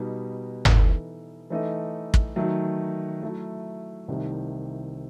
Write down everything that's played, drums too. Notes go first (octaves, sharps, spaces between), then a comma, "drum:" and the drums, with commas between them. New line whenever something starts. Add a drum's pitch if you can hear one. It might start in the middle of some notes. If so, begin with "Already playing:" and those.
Already playing: B2 G3 D#4
E3 B3 D#4 A4, drum: tom G1
E3 A3 D#4 A4 D#5
drum: kick
D#3 F#3 A3
F#3 A3 E4
C2 C3 D#3 A3 E4